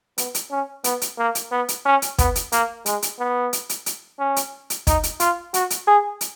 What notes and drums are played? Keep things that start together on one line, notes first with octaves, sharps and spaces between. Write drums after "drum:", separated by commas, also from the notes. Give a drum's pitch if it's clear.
B3, drum: hi-hat
drum: hi-hat
C#4
B3, drum: hi-hat
drum: hi-hat
A#3
drum: hi-hat
B3
drum: hi-hat
C#4
drum: hi-hat
B3, drum: kick, hi-hat
drum: hi-hat
A#3, drum: hi-hat
G#3, drum: hi-hat
drum: hi-hat
B3
drum: hi-hat
drum: hi-hat
drum: hi-hat
C#4
drum: hi-hat
drum: hi-hat
D#4, drum: kick, hi-hat
drum: hi-hat
F4, drum: hi-hat
F#4, drum: hi-hat
drum: hi-hat
G#4
drum: hi-hat